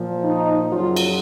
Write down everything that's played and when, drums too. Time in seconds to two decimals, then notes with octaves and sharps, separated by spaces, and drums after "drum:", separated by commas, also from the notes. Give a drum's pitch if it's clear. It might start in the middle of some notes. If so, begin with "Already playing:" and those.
Already playing: A#2 F3
0.24 D#4
0.71 F#2 C#3 F#3 F4
0.96 drum: cymbal